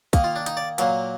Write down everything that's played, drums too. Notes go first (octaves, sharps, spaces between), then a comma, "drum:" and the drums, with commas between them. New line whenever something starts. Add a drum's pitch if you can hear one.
D#3 A#3 D#5, drum: kick, hi-hat
F4
D4
D#4, drum: hi-hat
D5
A#2 F#3 A#3, drum: hi-hat